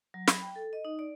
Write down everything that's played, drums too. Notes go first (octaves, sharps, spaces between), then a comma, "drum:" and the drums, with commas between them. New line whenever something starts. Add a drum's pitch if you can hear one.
F#3
B5, drum: snare
G5
A4
D#5
D#4
D5